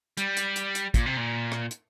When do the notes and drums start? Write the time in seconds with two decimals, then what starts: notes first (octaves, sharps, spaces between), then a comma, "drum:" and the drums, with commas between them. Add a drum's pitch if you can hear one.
0.17 G3, drum: hi-hat
0.37 drum: hi-hat
0.56 drum: hi-hat
0.75 drum: hi-hat
0.94 A#2, drum: kick, hi-hat
1.06 C3
1.17 A#2
1.52 drum: rim click
1.71 drum: hi-hat